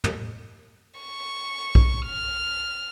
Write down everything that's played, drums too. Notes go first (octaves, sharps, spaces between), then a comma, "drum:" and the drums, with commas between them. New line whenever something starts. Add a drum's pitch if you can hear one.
drum: tom
C#6
drum: kick B1
F6